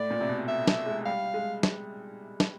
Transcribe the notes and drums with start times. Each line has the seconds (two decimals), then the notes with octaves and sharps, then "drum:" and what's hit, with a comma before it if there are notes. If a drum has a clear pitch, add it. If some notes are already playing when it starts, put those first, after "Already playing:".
Already playing: A2 D5
0.11 A#2
0.21 C3
0.29 B2
0.48 E5
0.67 drum: snare
0.86 G#3
1.06 G3 F5
1.34 G#3
1.63 drum: snare
2.40 drum: snare